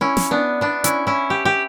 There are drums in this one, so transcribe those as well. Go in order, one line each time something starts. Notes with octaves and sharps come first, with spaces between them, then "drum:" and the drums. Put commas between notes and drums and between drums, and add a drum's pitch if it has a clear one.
C#4 E4
drum: snare
B3 D4
B3 D4
C#4 E4, drum: hi-hat
C#4 E4
G4
G4